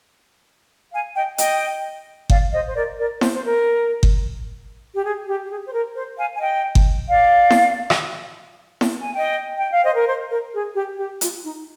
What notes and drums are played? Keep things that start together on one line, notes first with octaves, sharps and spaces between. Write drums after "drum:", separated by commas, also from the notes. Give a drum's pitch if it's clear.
F5 G#5
D#5 G5
D#5 G5, drum: hi-hat
D5 F5, drum: kick G1
C5 D#5
C5
A#4 D5
A#4 D5
C5, drum: snare E4
C5
A#4
drum: kick G1
G4
G#4
G4
G4
G#4
C5
A#4
C5
F5 G#5
G#5
D#5 G5
drum: kick G1
D5 F5
drum: snare E4
drum: rim click
drum: snare E4
G#5
D#5 G5
G5
F5
C5 D#5
A#4
C5
A#4
G#4
G4
G4
F4, drum: hi-hat
D#4